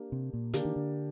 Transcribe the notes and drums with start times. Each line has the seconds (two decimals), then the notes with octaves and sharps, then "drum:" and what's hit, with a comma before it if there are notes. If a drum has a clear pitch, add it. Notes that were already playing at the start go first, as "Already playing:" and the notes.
Already playing: A#3 D4 G4
0.12 C3
0.33 A#2
0.53 D3 A#3 D4 G4, drum: hi-hat
0.65 D#3
0.76 D3